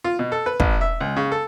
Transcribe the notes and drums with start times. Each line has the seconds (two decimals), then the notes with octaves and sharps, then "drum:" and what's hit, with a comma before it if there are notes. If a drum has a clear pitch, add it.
0.04 F4
0.19 B2
0.32 A4
0.46 B4
0.60 A1, drum: kick
0.81 E5
1.00 C#2
1.16 C#3
1.32 A4